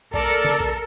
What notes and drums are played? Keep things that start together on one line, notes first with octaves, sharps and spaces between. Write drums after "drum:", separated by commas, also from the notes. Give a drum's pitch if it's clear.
A4 A#4 D5, drum: kick A#1
drum: tom C#3
drum: kick A#1